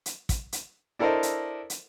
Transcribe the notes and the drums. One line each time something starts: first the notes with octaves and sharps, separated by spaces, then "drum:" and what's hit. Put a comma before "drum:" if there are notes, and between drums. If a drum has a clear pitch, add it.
drum: hi-hat
drum: kick, hi-hat
drum: hi-hat
D4 E4 A4 A#4 C5 D#5
drum: hi-hat
drum: hi-hat